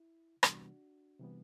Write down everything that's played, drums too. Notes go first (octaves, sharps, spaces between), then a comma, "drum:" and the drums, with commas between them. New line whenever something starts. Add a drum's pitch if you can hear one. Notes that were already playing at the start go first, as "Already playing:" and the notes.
Already playing: E4
C3 E3 G3 B3 D4 F#4, drum: rim click
C3 E3 G3 B3